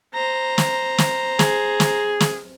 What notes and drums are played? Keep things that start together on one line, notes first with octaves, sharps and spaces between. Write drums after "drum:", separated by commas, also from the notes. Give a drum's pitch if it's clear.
C5 A#5
drum: snare
drum: snare
G#4, drum: snare
drum: snare
drum: snare